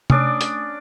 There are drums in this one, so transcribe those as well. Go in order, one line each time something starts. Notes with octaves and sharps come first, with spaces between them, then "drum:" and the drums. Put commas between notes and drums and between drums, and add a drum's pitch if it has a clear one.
A3 C#4 D4 D5 D#6 D7, drum: tom C3
drum: hi-hat